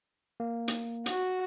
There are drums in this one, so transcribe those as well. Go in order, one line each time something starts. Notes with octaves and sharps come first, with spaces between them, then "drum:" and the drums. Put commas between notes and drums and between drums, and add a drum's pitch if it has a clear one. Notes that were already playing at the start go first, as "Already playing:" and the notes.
A#3
drum: hi-hat
F#4, drum: hi-hat